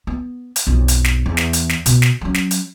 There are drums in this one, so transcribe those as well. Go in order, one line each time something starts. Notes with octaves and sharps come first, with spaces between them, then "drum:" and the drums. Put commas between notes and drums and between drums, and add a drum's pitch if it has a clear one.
B3
drum: hi-hat
B1 F2
drum: hi-hat
drum: snare
E2
drum: snare
drum: hi-hat
drum: snare
B2 B3, drum: hi-hat
drum: snare
F#3 C#4
drum: snare
drum: hi-hat